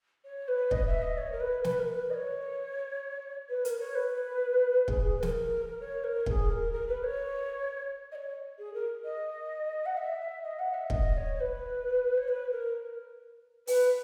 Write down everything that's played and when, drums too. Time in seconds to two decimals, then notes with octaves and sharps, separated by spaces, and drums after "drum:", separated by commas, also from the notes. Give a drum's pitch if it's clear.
0.25 C#5
0.48 B4
0.71 D#5, drum: kick
0.87 E5
1.02 D#5
1.18 C#5
1.32 A#4
1.40 B4
1.64 B4, drum: snare
1.79 A#4
1.95 B4
2.10 D#5
2.14 C#5
3.49 B4
3.65 A#4, drum: hi-hat
3.80 C#5
3.95 B4
4.88 G#4, drum: kick
5.03 G#4
5.19 B4
5.23 A#4, drum: snare
5.81 C#5
6.04 A#4
6.26 A#4, drum: kick
6.30 G#4
6.50 A#4
6.73 A#4
6.89 B4
7.04 C#5
8.12 D#5
8.15 C#5
8.59 G#4
8.74 A#4
9.05 D#5
9.86 F#5
9.97 E5
10.43 D#5
10.59 F#5
10.74 E5
10.90 D#5, drum: kick
11.13 D#5
11.17 C#5
11.36 C#5
11.40 B4
12.18 C#5
12.28 B4
12.51 A#4
13.67 B4, drum: open hi-hat